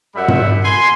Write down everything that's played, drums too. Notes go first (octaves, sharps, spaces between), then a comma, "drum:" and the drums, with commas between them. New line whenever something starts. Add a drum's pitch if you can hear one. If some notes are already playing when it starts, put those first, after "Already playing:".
F#2 G3 E5 F#5 B5
drum: tom
G#5 C6